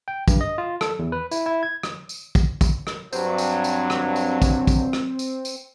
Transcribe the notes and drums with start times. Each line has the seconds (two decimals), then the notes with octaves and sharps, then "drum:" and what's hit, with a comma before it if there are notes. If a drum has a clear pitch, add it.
0.08 G5
0.28 G2, drum: kick, tambourine
0.41 D#5
0.58 F4
0.81 A4, drum: rim click
0.99 E2
1.12 B4
1.31 E4, drum: tambourine
1.46 E4
1.63 G#6
1.83 drum: rim click
2.09 drum: tambourine
2.35 drum: kick, tambourine
2.61 drum: kick, tambourine
2.87 drum: rim click
3.13 G2 F#3 C4, drum: tambourine
3.38 drum: tambourine
3.64 drum: tambourine
3.90 drum: rim click
4.16 drum: tambourine
4.42 drum: kick, tambourine
4.67 drum: kick, tambourine
4.93 drum: rim click
5.19 drum: tambourine
5.45 drum: tambourine